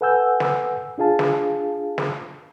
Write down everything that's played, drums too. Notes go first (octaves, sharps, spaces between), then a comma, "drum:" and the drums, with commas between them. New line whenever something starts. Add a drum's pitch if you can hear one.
A4 B4 F#5 G#5 E6 G6
drum: snare
D4 F4 G#4 F5 A5
drum: snare
drum: snare